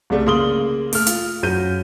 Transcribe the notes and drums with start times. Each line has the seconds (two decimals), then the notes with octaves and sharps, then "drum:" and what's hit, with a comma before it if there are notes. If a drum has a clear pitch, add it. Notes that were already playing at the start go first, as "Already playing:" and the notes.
0.10 C2 C#3 G3 A3
0.26 C#3 A#3 C6 D#6 F#7 G7
0.93 A3 F6, drum: open hi-hat
1.07 F4, drum: hi-hat
1.43 F#2 F#3 G6 D#7